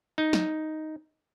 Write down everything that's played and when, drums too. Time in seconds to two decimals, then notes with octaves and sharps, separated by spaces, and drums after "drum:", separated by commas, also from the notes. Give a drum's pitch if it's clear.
0.18 D#4
0.33 drum: snare